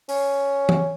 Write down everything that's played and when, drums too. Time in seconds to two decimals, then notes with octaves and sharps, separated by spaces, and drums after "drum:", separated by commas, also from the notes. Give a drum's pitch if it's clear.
0.09 C#4, drum: open hi-hat
0.69 drum: tom E3